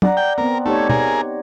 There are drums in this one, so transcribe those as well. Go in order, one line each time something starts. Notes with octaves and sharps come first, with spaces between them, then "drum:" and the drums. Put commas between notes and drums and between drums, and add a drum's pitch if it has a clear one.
D5 F#5 A#5, drum: tom
G5
B3 C4 A#4
A3 D#4 G4 C#5
G#4 A#4, drum: tom